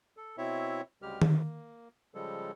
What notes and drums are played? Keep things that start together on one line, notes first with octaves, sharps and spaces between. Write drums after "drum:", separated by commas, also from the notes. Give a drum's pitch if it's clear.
A4
B2 C4 E4 C#5 E5
D2 C#3 G3 G#3 G4 F6
A#3, drum: tom D#3
C#3 F3 G3 G#3 A4